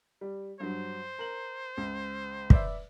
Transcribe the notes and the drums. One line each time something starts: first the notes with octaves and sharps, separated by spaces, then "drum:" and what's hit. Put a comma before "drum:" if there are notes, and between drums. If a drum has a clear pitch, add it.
G3
G2 F#3 C5
A#4 F#7
C#2
B4 D5 E5, drum: kick